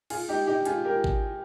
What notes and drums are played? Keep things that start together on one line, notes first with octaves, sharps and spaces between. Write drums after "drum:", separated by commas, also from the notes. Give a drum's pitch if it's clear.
F4 G#4, drum: cymbal
D#4 G4
D#4 G4
F4 G#4, drum: hi-hat
G4 A#4
drum: kick G#1